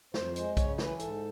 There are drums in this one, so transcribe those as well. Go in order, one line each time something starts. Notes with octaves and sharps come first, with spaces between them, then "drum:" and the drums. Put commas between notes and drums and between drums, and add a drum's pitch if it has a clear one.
F2 C5, drum: snare
G#3 C5, drum: hi-hat
C#3 C#5, drum: kick B1, hi-hat
E3 B4, drum: snare
G#2 A4, drum: hi-hat